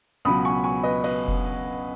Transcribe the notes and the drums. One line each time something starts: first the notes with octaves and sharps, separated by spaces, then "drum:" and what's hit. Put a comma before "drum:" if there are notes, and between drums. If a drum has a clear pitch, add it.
C#2 B2 F#3 B5 D#6
G#5 C#6
G#5 C#6
B4 D#5
B4 D#5, drum: cymbal
drum: kick F1